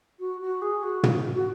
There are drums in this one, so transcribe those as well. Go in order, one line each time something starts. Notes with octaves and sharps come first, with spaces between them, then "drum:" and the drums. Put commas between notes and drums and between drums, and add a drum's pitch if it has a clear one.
F#4
F#4
G#4
F#4
drum: tom
F#4